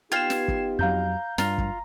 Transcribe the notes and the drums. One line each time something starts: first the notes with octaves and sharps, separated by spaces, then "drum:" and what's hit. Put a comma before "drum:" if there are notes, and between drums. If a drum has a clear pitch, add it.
B3 D#4 F4 G4 G5 G#6 C7 E7
drum: snare
drum: kick
F2 F#3 F5 A#5 G6
G2 F4 A#5, drum: snare
drum: kick